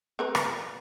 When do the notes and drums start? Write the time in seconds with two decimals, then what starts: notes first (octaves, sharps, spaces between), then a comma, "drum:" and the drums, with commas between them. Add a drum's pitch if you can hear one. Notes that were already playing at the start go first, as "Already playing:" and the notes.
0.19 C4 A#4 B4
0.35 drum: rim click